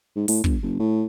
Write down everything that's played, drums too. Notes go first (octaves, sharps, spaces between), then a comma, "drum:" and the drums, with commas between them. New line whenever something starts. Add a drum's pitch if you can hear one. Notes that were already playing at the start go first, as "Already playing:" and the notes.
G#2
A2, drum: open hi-hat
G1, drum: kick
F#1
A2